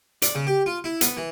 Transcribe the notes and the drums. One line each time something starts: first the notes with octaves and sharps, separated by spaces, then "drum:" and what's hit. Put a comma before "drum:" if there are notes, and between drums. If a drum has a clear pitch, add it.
D5, drum: hi-hat
C#3
G4
F4
E4
B3, drum: hi-hat
E3